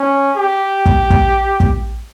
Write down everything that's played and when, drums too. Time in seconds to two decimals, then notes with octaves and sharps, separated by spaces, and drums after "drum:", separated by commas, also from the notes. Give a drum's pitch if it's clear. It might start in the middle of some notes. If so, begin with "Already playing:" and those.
Already playing: C#4
0.36 G4
0.86 drum: kick
1.10 drum: kick
1.60 drum: kick